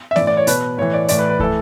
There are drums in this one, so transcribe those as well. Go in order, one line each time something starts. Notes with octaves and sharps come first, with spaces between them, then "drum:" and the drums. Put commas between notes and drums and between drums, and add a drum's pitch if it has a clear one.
E5
E3 D5, drum: snare B3
A2
D5
C#5
B2 B4, drum: hi-hat
A2 E3 C#5
D5
A2 E3 D5, drum: hi-hat
B4
B4
A2 E3 A4, drum: kick